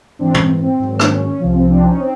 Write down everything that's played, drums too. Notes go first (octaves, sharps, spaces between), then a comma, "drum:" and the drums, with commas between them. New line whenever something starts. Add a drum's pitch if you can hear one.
G#2 E3 C4 D4
C#4, drum: tom
C4
C4
G#2 D#3 F#3
D4, drum: rim click
C#4
C#4
C2 C3 F3
C4
C4 D4
C#4 D#4
C4